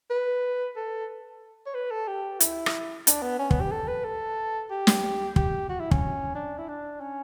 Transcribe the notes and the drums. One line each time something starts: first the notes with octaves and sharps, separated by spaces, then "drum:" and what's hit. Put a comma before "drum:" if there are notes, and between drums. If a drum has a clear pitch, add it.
B4
A4
C#5
B4
A4
G4
E4, drum: hi-hat
drum: rim click
D4, drum: hi-hat
B3
C#4
B3, drum: kick
G4
A4
B4
A4
G4
drum: snare
G4, drum: kick
F#4
E4
C#4, drum: kick
D4
E4
D4
C#4